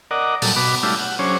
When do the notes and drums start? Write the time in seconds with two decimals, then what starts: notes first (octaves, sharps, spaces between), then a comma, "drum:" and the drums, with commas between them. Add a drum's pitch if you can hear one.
0.11 A#4 D5 D#5 F#5
0.42 A#2 F#3 G3 A4, drum: open hi-hat
0.56 B2 F#4 B5 D6
0.83 G3 A3 D4 E4 F4 G4
0.99 F#5
1.19 F#3 C#4 D4 G#4 C5 C#5